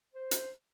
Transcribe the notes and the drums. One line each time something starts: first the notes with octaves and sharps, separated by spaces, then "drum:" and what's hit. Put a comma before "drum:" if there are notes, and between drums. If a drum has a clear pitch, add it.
C5
drum: hi-hat